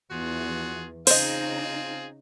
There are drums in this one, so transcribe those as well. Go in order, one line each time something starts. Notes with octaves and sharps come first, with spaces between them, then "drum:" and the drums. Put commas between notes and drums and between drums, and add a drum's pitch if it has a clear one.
E2 F4 F#4 G#4
C#3 C4 D#4 F4 G#4 C5 D#5, drum: open hi-hat